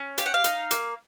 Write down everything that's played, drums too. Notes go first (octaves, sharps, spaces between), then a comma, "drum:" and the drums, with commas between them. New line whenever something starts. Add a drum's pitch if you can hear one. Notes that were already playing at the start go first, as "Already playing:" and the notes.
Already playing: C#4
G4 F5, drum: hi-hat
F#5
F5
D#4, drum: hi-hat
A#3, drum: hi-hat